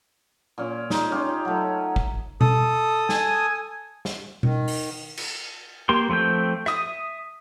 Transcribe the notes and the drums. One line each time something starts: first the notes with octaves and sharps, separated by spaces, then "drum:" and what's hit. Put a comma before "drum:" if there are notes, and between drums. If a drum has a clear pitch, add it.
A#2 C#4
G#3 D#4, drum: snare
C#4 F4 G4
F#3 A3
drum: kick G#1
A4 D#6, drum: tom B2
G#5, drum: snare
drum: snare
D#3, drum: tom B2
drum: open hi-hat
drum: cymbal
A#3 G4 C6
F3 A3 C4 G5
E5 D#6, drum: rim click